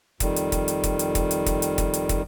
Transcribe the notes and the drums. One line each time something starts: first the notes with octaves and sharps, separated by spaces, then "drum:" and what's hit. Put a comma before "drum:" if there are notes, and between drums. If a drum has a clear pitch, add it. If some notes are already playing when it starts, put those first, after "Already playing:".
F2 D#3 G3, drum: kick, hi-hat
drum: hi-hat
drum: kick, hi-hat
drum: hi-hat
drum: kick, hi-hat
drum: hi-hat
drum: kick, hi-hat
drum: hi-hat
drum: kick, hi-hat
drum: hi-hat
drum: kick, hi-hat
drum: hi-hat
drum: kick, hi-hat